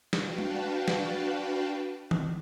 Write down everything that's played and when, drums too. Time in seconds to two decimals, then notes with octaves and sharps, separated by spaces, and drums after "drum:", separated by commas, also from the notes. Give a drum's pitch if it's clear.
0.13 D4 F#4 B4 F5 G5 A5, drum: snare
0.38 drum: tom G3
0.88 drum: snare
2.11 drum: tom D#3